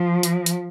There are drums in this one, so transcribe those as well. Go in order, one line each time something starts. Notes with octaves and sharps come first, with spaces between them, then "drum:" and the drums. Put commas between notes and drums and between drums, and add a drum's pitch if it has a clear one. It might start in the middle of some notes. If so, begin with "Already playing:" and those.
Already playing: F3
drum: hi-hat
drum: hi-hat